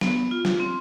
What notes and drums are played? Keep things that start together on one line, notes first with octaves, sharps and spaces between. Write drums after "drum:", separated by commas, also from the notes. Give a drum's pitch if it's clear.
B3, drum: snare F#3
F4
drum: snare F#3
C4